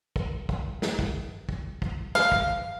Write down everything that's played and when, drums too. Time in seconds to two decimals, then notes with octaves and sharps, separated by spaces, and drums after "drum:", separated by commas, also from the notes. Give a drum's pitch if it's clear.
0.16 drum: kick
0.49 drum: kick
0.82 drum: snare
0.99 drum: kick
1.49 drum: kick
1.82 drum: kick
2.15 F5, drum: snare
2.32 drum: kick